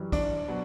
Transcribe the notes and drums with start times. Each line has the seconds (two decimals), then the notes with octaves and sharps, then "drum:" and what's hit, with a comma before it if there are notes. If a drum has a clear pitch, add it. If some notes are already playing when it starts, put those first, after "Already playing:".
Already playing: F#2 E3 G3
0.12 D4, drum: kick, cymbal
0.48 B2 F#3